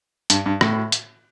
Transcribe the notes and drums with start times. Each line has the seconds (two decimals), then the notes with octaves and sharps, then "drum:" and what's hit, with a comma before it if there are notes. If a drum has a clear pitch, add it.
0.30 G2, drum: hi-hat
0.46 G2
0.61 A2, drum: rim click
0.92 drum: hi-hat